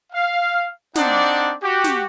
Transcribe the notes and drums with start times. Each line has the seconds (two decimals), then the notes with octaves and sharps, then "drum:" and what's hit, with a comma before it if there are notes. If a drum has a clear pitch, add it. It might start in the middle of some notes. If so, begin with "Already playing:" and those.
0.13 F5
0.95 C4 D4 D#4 D5 F#5, drum: snare
1.63 F#4 G4
1.84 drum: snare